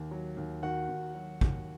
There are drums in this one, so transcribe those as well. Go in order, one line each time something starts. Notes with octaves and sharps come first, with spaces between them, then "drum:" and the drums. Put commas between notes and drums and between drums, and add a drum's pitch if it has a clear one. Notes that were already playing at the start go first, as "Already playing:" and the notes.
Already playing: D#2
F#3
D#2
D#3 F#4 F#5
D#2
F#3
D#2, drum: kick